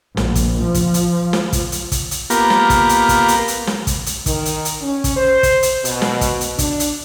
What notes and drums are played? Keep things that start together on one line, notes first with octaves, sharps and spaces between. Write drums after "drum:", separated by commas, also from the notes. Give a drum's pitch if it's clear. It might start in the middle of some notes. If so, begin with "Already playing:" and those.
A#1, drum: snare
drum: kick, hi-hat
F3
drum: kick, hi-hat
drum: hi-hat
drum: snare
drum: kick, hi-hat
drum: hi-hat
drum: kick, hi-hat
drum: hi-hat
A#3 B3 F4 G4 A#4, drum: hi-hat
drum: snare
drum: kick, hi-hat
drum: hi-hat
drum: kick, hi-hat
drum: hi-hat
drum: hi-hat
drum: snare
drum: kick, hi-hat
drum: hi-hat
D#3, drum: kick, hi-hat
drum: hi-hat
drum: hi-hat
C#4
drum: kick, hi-hat
C5
drum: kick, hi-hat
drum: hi-hat
B2, drum: hi-hat
drum: snare
drum: kick, hi-hat
drum: hi-hat
D4, drum: kick, hi-hat
drum: hi-hat